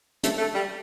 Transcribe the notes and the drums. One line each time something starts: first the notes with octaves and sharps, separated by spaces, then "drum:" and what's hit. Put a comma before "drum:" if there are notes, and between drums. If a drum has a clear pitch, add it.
A3, drum: hi-hat
A3
G3